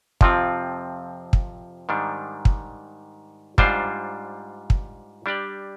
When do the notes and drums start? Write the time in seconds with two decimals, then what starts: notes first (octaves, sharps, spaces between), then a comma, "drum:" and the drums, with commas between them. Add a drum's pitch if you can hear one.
0.21 F2 C3 F3 C4 F4, drum: kick
1.33 drum: kick
1.89 G#2 D#3 G3 D4
2.45 drum: kick
3.58 G#2 G3 D4 F4 C5, drum: kick
4.70 drum: kick
5.26 G3 D4 G4 D5